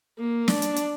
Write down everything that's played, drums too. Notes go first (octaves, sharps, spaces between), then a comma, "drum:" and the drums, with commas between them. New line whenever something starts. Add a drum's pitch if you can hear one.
A#3
D4, drum: snare
drum: hi-hat
drum: hi-hat